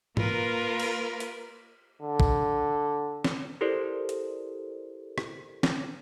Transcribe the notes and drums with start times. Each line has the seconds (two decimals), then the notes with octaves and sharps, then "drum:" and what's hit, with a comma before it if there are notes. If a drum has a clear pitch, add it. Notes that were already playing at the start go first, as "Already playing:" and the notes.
0.17 A#3 F4 A#4 B4, drum: tom G#2
0.80 drum: cymbal
1.20 drum: hi-hat
2.02 D3
2.20 drum: kick
3.24 drum: snare
3.61 E4 G4 A4 A#4 C5 D5
4.09 drum: hi-hat
5.18 drum: rim click
5.63 drum: snare